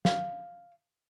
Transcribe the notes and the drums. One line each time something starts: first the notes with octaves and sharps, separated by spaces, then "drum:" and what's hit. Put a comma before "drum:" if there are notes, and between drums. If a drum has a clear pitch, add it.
F5, drum: snare